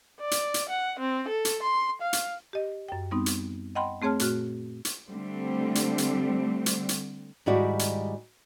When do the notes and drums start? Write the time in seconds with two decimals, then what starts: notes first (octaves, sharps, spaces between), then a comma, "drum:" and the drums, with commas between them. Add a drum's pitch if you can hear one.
0.21 D5
0.31 drum: hi-hat
0.54 drum: hi-hat
0.69 F#5
0.99 C4
1.28 A4
1.45 drum: hi-hat
1.63 C6
2.02 F5
2.13 drum: hi-hat
2.53 G4 D#5
2.89 F#2 G5
3.11 G3 B3 C4 D#4
3.26 drum: hi-hat
3.75 D#5 F#5 G5 B5 C6
4.02 A3 C4 G#4 C#5 A5 F6
4.19 A#2 A3 F#4 F6, drum: hi-hat
4.85 drum: hi-hat
5.10 D3 G3 A3 C4
5.75 drum: hi-hat
5.98 drum: hi-hat
6.66 drum: hi-hat
6.89 drum: hi-hat
7.46 G#2 D#3 G3 E4 F#4 D5
7.79 drum: hi-hat